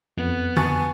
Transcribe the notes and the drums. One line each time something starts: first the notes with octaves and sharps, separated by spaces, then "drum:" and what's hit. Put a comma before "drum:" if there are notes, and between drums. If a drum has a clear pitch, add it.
F2 B3
G#5 A5 C#6 A6, drum: tom D3